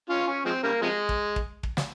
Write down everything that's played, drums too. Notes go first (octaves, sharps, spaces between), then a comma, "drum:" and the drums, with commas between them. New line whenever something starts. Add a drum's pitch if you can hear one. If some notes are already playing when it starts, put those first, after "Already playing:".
C#4 F4
C#4
F3 G#3 C4
C#3 G3 A#3
C3 F3 G#3
drum: kick
drum: kick
drum: kick
drum: snare